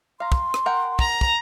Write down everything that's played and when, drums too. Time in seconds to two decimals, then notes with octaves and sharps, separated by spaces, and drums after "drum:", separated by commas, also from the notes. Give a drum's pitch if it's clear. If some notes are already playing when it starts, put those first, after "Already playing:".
0.20 F5 A#5 C6
0.32 drum: kick
0.54 drum: rim click
0.66 A#4 F#5 G5
0.99 A#5, drum: kick
1.21 drum: kick